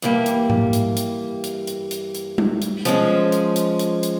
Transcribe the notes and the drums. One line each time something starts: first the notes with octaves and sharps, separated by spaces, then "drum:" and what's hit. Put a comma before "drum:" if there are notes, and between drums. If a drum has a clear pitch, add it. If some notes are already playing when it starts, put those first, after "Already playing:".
G2 E3 G3 A#3, drum: hi-hat
drum: hi-hat
drum: tom G#2
drum: hi-hat
drum: hi-hat
drum: hi-hat
drum: hi-hat
drum: hi-hat
drum: hi-hat
drum: tom G3
drum: hi-hat
F3 G#3 C#4, drum: hi-hat
drum: hi-hat
drum: hi-hat
drum: hi-hat
drum: hi-hat